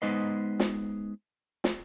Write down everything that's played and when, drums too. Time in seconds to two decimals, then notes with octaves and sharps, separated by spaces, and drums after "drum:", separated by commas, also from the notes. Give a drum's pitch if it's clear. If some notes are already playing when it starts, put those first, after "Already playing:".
0.02 G#3 B3 D#4 B4 C5 D#5
0.60 drum: snare
1.64 drum: snare